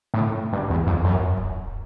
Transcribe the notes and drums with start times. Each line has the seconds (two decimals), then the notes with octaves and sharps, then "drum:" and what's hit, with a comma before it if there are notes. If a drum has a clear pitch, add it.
0.14 A2
0.53 G2
0.70 E2
0.87 F2
1.04 F#2
1.37 drum: kick D1